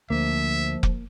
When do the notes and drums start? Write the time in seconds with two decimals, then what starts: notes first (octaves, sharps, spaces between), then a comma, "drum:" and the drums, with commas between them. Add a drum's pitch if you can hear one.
0.10 D2 F3 A#3 E5
0.83 drum: kick F1